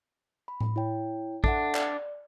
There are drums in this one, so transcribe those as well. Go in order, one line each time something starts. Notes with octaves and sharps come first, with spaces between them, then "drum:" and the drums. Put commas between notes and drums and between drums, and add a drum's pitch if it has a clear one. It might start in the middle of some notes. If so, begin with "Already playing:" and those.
B5
drum: tom A2
E4 C#5 G5
D4 A4 E5 F#5, drum: kick
D5, drum: clap